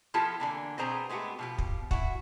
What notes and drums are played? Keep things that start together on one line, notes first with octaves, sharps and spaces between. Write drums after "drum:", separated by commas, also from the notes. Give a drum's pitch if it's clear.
F3 B3 E4 F4 G4 A4
D3 E3 A#3
B2 B3 C4 G#4 C5 A#5
G#3 A3 B3 F#4 G4
B2 F3 G4
drum: kick
E4 F#4, drum: kick